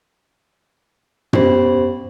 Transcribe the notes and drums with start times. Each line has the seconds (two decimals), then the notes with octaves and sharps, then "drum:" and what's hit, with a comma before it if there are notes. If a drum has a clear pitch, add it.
1.33 B3 C#4 G4 C5 B5, drum: tom